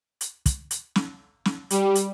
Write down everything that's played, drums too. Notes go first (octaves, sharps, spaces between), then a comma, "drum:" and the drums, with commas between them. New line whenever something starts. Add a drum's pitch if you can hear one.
drum: hi-hat
drum: kick, hi-hat
drum: hi-hat
drum: snare
drum: snare
G3, drum: hi-hat
drum: hi-hat